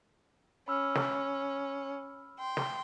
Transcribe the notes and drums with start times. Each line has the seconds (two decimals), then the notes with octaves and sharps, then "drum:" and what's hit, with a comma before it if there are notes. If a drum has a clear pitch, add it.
0.68 C#4 B5 E6 F6
0.95 drum: snare
2.39 G5 C6
2.57 drum: snare